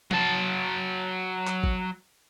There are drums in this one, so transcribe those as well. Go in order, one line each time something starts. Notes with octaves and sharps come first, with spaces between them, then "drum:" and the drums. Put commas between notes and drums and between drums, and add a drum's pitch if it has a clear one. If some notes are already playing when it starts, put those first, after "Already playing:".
F#3 A5, drum: tom F3
drum: clap
drum: kick G#1